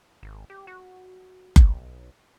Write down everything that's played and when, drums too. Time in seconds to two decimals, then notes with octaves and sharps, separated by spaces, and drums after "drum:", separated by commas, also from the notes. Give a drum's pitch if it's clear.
0.23 G#1
0.50 G4
0.67 F#4
1.56 B1, drum: kick F#1